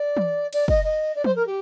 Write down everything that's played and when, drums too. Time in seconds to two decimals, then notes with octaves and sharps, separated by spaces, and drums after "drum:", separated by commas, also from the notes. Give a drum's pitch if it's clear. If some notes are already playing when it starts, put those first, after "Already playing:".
Already playing: D5
0.17 drum: tom E3
0.53 D5, drum: cymbal
0.68 D#5, drum: kick
0.83 D#5
1.15 D5
1.24 C5, drum: tom F3
1.35 A#4
1.46 G4